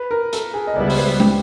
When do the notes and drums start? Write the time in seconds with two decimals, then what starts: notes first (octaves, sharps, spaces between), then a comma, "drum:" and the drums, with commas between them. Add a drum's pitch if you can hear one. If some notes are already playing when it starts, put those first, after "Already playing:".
Already playing: B4
0.11 A#4
0.33 A4, drum: hi-hat
0.54 G#4
0.67 D#5
0.75 C#2 B2 G3 B3 E4 D5
0.90 C5, drum: open hi-hat
0.97 B4
1.20 G4, drum: tom